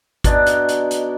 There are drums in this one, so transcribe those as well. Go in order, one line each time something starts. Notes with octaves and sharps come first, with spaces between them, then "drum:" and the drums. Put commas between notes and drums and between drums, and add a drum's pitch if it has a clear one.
B2 D4 D#4, drum: kick G#1, hi-hat
drum: hi-hat
drum: hi-hat
drum: hi-hat